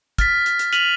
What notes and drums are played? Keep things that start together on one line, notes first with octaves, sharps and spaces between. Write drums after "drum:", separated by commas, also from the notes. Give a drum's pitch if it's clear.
F6 A6 B6, drum: kick, hi-hat
drum: hi-hat
drum: hi-hat
F6 B6 D#7 F7 F#7, drum: hi-hat